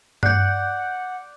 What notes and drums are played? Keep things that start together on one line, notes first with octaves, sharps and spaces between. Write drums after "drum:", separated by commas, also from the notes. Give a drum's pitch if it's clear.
D5 F#5 F#6 G6, drum: tom G2